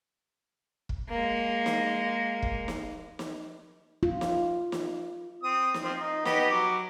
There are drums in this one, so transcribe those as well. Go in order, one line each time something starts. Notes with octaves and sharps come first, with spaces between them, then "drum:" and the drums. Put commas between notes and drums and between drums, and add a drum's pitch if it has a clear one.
drum: kick
G#3 A#3
drum: snare
drum: kick
drum: snare
drum: snare
F4
drum: snare
drum: snare
C4 D#6
drum: snare
F3 C4
D#4
B3 G4 D#5, drum: snare
F#3 D6